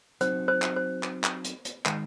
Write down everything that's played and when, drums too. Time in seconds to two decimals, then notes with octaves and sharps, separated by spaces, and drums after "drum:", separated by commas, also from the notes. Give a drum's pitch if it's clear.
0.21 F#3 C4 D#4 F#4 C5, drum: hi-hat
0.48 C5
0.62 drum: clap
0.76 C5
1.03 drum: clap
1.24 drum: clap
1.44 drum: hi-hat
1.65 drum: hi-hat
1.86 D#3 G#3, drum: clap